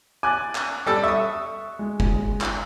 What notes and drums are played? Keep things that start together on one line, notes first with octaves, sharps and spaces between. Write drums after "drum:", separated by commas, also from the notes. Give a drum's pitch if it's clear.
G#5 D6 F#6 A6
drum: clap
G3 A4
E5 C#6 D#6
G#3
drum: kick
drum: clap